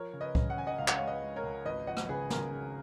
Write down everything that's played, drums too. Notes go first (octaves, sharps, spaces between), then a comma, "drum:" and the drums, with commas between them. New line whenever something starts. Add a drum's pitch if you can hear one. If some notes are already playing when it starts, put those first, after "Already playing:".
Already playing: F3 A#4 C#5
C#3
B4 D#5
C#3, drum: kick C2
F#5
C#3 G#5
D#5 F#5
C#2 F5
F#5, drum: clap
G#3 C#5 F5
B4 D#5
G#3
A#4 C#5
C#2
G#1 B4 D#5
F3 D#5 F#5
drum: rim click
C#3 G#4 B4
C#3 A#4, drum: snare
C#3